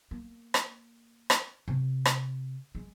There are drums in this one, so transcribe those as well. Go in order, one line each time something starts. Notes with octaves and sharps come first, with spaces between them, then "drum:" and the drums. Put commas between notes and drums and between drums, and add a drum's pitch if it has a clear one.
A#3
drum: rim click
drum: rim click
C3
drum: rim click
G#3